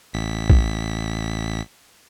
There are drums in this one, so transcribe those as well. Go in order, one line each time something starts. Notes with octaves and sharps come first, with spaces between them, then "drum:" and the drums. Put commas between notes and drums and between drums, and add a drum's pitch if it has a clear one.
A1 B6
drum: kick